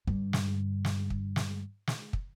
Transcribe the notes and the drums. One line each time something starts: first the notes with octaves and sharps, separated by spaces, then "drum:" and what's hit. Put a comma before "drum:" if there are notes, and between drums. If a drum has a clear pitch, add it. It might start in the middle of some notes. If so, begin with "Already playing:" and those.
G2 D3, drum: kick
drum: snare
drum: snare
drum: kick
drum: snare
drum: snare
drum: kick